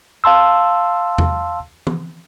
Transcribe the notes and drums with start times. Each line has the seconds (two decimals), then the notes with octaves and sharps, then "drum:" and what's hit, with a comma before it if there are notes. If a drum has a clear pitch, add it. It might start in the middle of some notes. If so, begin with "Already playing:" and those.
0.24 F5 A5 C6 E6
1.18 drum: tom E2
1.87 drum: tom